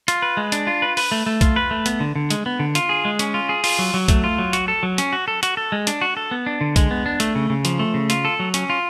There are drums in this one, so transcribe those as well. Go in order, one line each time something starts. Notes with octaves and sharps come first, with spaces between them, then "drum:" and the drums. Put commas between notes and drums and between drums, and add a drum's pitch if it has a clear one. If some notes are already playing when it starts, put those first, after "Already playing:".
F4, drum: hi-hat
B4
G#3
D4, drum: hi-hat
F4
B4
B4, drum: open hi-hat
A3
A3
F4, drum: kick A#1, hi-hat
B4
A3
B3, drum: hi-hat
D3
D3
G#3, drum: hi-hat
B3
D3
F4, drum: hi-hat
G#4
G#3
C#4, drum: hi-hat
F4
G#4
F4, drum: open hi-hat
F#3
F#3
A3, drum: kick A#1, hi-hat
F4
F#3
F#4, drum: hi-hat
A4
F#3
C#4, drum: hi-hat
F#4
A4
F#4, drum: hi-hat
A4
G#3
D4, drum: hi-hat
F#4
A4
B3
D4
D3
G#3, drum: kick A#1, hi-hat
B3
D4
A3, drum: hi-hat
C#3
C#3
F3, drum: hi-hat
A3
C#3
F4, drum: hi-hat
A4
F#3
C#4, drum: hi-hat
F4